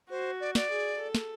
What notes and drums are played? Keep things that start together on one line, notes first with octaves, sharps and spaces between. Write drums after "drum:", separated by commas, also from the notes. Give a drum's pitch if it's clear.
F#4 C5
D5
D5, drum: snare
G#4
A4
drum: snare